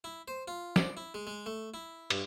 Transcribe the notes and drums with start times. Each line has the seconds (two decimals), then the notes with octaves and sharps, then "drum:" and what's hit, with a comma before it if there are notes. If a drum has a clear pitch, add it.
0.04 E4
0.28 C5
0.48 F4
0.76 D5, drum: snare
0.97 E4
1.14 G#3
1.27 G#3
1.46 A3
1.74 E4
2.10 G2, drum: cymbal